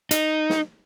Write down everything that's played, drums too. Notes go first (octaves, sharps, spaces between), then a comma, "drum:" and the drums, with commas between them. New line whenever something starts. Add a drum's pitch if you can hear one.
D#4, drum: hi-hat
drum: snare